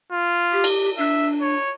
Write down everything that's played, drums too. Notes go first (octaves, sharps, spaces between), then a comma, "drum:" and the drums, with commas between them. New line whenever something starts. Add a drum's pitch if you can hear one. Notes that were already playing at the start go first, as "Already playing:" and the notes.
F4
G4
drum: cymbal
D4 E5
C#5